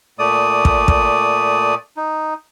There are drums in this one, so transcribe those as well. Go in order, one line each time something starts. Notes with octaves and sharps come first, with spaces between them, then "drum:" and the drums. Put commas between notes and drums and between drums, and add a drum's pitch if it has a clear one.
A#2 A3 D5 D#6
drum: kick
drum: kick
D#4